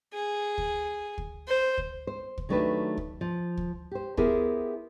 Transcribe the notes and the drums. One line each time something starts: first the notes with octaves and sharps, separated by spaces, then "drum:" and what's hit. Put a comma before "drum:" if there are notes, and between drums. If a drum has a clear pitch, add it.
G#4
drum: kick
drum: kick
C5
drum: kick
C5
drum: kick
D#3 F#3 A3 D4 G4 B4
drum: kick
F3
drum: kick
G4 C5
B3 E4 G4 G#4 A#4 C5, drum: kick